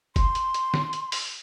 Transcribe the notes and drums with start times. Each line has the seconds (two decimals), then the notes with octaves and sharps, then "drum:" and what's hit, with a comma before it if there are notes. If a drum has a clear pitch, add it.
0.16 C6, drum: kick F#1, hi-hat
0.35 drum: hi-hat
0.54 drum: hi-hat
0.74 drum: snare
0.93 drum: hi-hat
1.12 drum: open hi-hat